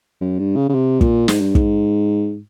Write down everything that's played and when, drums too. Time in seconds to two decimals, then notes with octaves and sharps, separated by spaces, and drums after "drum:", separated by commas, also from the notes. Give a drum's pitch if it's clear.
0.21 F#2
0.39 G2
0.56 C#3
0.69 C#3
0.74 C3
1.01 A#2, drum: kick
1.28 G#2, drum: snare
1.41 G2
1.55 G#2, drum: kick